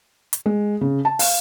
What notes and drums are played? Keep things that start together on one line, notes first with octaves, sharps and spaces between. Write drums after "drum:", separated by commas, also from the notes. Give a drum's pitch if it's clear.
drum: hi-hat
G#3
C#3
A5
F5, drum: open hi-hat